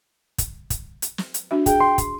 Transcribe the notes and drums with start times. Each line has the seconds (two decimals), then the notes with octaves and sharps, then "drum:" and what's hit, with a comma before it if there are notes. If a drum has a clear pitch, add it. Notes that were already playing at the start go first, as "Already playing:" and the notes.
0.38 drum: kick, hi-hat
0.70 drum: kick, hi-hat
1.02 drum: hi-hat
1.18 drum: snare
1.34 drum: hi-hat
1.51 D4 F#4 E5
1.66 G#4 G5, drum: kick, hi-hat
1.80 C6
1.98 drum: kick, hi-hat